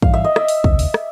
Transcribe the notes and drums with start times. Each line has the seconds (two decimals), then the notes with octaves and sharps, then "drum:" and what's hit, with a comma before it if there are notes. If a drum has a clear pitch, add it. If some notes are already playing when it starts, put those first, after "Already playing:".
0.02 G#2 E3 G3 F5, drum: kick
0.14 E5
0.24 D#5
0.36 D5 E5, drum: rim click
0.48 drum: open hi-hat
0.64 E1 D2 C3, drum: kick
0.79 drum: open hi-hat
0.94 drum: rim click